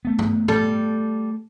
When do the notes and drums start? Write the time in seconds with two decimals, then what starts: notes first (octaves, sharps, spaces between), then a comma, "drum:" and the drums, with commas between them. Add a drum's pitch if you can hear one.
0.05 A3 B3
0.19 drum: tom G2
0.48 G3 A4, drum: tom G#2